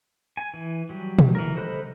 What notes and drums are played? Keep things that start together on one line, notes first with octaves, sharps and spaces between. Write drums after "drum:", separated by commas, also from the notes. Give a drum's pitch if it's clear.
G#5
E3
F#3 G3
drum: tom
E3 A#4
A4 C5 D#5 B5 F#6